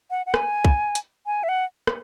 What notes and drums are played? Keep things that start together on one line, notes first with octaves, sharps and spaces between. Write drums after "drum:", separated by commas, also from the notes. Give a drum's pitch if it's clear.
F#5
F#5
G#5, drum: rim click
drum: kick
drum: hi-hat
G#5
E5
F#5
drum: rim click